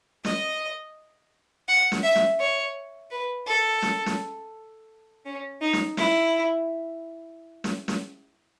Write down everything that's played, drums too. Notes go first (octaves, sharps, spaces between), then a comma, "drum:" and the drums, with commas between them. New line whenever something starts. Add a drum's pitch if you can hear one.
D#5, drum: snare
F#5
drum: snare
E5
drum: snare
C#5
B4
A4
drum: snare
drum: snare
C#4
D#4
drum: snare
E4, drum: snare
drum: snare
drum: snare